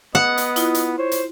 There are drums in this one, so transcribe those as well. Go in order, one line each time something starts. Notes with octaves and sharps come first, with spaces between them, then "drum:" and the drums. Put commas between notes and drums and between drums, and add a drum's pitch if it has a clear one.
B3 D#5 F#5
drum: hi-hat
E4 F4, drum: hi-hat
drum: hi-hat
C5 C#5
drum: hi-hat